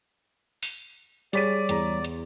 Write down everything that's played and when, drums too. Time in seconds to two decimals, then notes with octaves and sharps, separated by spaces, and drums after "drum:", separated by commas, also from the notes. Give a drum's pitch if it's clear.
0.63 drum: open hi-hat
1.33 G3 G#4 C#5 D5 A6 B6 D#7, drum: hi-hat
1.69 E2 A#5, drum: hi-hat
2.05 drum: hi-hat